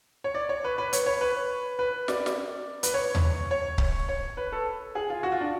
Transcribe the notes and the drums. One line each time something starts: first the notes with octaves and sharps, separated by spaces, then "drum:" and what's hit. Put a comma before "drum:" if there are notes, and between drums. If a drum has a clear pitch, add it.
C#5
D5
C#5
B4
B4
C#5, drum: hi-hat
C#5
B4
B4
D5, drum: snare
drum: snare
B4, drum: hi-hat
C#5
drum: tom D#2
C#5
drum: kick C#1
C#5
B4
A4
G#4
F4
F#4
F4
D4